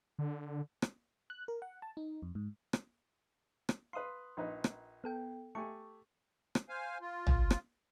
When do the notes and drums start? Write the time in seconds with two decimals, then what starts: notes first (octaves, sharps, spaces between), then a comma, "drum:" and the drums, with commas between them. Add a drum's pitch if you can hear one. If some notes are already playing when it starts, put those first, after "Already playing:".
0.19 D3
0.82 drum: rim click
1.30 F#6
1.48 A#4
1.62 F#5
1.82 A5
1.97 D#4
2.22 F2
2.35 G#2
2.73 drum: rim click
3.69 drum: rim click
3.93 B4 F5 C6 D#6
4.37 A#1 D#4 B4
4.64 drum: rim click
5.04 B3 A4 G5
5.55 A3 G4 G#5 C#6
6.55 drum: rim click
6.69 C5 F5 G#5
7.01 F4
7.27 drum: tom
7.50 drum: rim click